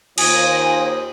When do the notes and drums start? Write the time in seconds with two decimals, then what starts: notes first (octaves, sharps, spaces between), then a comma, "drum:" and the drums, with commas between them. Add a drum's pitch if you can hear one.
0.18 D#2 F4 C5 G#5 D#6, drum: cymbal